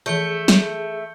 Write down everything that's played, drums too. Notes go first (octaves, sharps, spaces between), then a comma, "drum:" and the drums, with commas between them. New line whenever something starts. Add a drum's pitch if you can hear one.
E3 F3 A3 G#4 A4 G6 C#7 G7
drum: snare